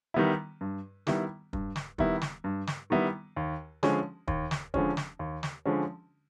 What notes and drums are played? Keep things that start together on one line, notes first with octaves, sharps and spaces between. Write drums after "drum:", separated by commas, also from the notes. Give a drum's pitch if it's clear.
D#3 G3 B3 E4
G2
D#3 G3 B3 E4, drum: snare
G2, drum: kick
drum: snare
D#3 G3 B3 E4, drum: kick
drum: snare
G2
drum: snare
D#3 G3 B3 E4
D#2
D3 F3 G#3 C#4, drum: snare
D#2, drum: kick
drum: snare
D3 F3 G#3 C#4, drum: kick
drum: snare
D#2
drum: snare
D3 F3 G#3 C#4